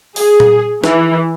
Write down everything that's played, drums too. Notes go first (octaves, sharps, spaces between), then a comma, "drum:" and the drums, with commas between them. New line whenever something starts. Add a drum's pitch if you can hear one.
G#4, drum: open hi-hat
drum: tom A#2
E3, drum: snare